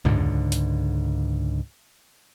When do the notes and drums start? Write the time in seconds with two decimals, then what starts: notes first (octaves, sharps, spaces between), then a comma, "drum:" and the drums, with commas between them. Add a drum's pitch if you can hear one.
0.05 C#2 G#2 D3, drum: tom
0.52 drum: hi-hat